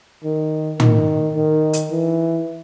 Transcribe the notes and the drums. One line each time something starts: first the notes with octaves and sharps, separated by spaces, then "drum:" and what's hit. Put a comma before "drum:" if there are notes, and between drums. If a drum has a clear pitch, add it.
D#3
D#3, drum: tom
D#3
drum: hi-hat
E3